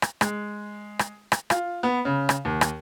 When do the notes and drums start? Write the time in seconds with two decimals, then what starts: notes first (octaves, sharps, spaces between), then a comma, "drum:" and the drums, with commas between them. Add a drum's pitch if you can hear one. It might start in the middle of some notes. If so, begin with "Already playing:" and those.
0.02 drum: rim click
0.21 G#3, drum: rim click
0.99 drum: rim click
1.32 drum: rim click
1.50 F4, drum: rim click
1.83 B3
2.05 C#3
2.29 drum: rim click
2.45 D#2
2.61 drum: rim click